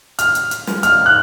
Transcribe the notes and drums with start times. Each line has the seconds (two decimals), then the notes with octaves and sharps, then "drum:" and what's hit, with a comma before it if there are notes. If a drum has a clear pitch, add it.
0.19 F6, drum: hi-hat
0.35 drum: hi-hat
0.51 drum: hi-hat
0.67 drum: snare
0.83 F6, drum: hi-hat
1.06 F#6